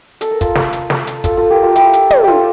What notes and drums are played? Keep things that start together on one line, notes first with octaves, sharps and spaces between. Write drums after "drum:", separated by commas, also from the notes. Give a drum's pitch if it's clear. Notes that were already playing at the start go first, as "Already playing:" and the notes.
A4, drum: hi-hat
A#4
F4 A4, drum: kick, hi-hat
drum: snare
drum: hi-hat
drum: snare
drum: hi-hat
F4 A4, drum: kick, hi-hat
F4 A4
G4 A#4
F4 A4
E4 G4, drum: hi-hat
drum: hi-hat
drum: tom
F4 G4 A4